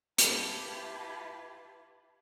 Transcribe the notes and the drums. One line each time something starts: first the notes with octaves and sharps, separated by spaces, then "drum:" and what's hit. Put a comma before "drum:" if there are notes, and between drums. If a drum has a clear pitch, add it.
E4 F4 G4 B4 A5, drum: hi-hat